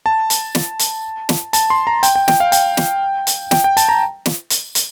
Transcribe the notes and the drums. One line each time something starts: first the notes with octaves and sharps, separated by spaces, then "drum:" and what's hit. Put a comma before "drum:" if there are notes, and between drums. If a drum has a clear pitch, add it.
A5
drum: hi-hat
drum: snare
drum: hi-hat
drum: snare
A5, drum: hi-hat
C6
A#5
G5, drum: hi-hat
G5
G5, drum: snare
F5
G5, drum: hi-hat
drum: snare
drum: hi-hat
G5, drum: snare
G5
A5, drum: hi-hat
A#5
drum: snare
drum: hi-hat
drum: hi-hat